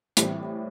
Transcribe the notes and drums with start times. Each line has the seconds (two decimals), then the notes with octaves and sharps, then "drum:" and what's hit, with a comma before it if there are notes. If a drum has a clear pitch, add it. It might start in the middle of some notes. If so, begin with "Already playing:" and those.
0.17 A2 E3 G3 C4, drum: hi-hat